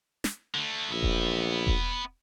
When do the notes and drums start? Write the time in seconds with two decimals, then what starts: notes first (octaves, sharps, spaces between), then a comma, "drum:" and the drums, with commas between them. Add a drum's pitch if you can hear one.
0.24 drum: snare
0.55 D3 A3
0.91 A#1 B3 E5
1.02 drum: kick E1
1.67 drum: kick E1